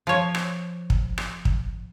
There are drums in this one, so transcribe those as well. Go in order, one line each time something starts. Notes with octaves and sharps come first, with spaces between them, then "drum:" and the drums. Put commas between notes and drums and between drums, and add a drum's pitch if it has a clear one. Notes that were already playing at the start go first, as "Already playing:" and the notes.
F3 C#5
drum: rim click
drum: kick
drum: rim click
drum: kick